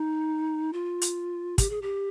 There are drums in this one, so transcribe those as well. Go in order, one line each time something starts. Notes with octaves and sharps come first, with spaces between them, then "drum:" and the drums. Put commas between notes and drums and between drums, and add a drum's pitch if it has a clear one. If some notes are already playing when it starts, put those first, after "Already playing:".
Already playing: D#4
F4
drum: hi-hat
G4, drum: kick, hi-hat
G#4
G4